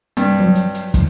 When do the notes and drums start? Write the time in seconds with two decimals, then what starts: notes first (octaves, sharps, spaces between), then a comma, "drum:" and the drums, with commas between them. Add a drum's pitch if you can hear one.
0.17 G2 C4, drum: hi-hat
0.40 F#3
0.55 drum: hi-hat
0.75 drum: hi-hat
0.94 drum: kick, hi-hat